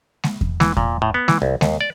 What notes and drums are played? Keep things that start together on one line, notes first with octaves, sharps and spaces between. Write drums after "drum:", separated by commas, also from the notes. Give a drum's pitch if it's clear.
drum: snare G#3
drum: kick E2
E3, drum: snare G#3
A#2, drum: kick E2
A2
B3
E3, drum: snare G#3
C2
D#2, drum: snare G#3
D5